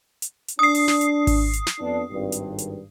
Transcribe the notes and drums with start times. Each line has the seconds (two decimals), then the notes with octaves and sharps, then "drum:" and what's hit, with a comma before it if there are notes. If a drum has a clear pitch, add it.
0.22 drum: hi-hat
0.48 drum: hi-hat
0.59 D4 D#6 C7
0.75 drum: open hi-hat
0.88 drum: snare
1.01 drum: hi-hat
1.27 drum: kick G#1, open hi-hat
1.53 drum: hi-hat
1.67 drum: snare
1.80 F2 B3 D4
2.11 G#1 G2
2.32 drum: hi-hat
2.58 drum: hi-hat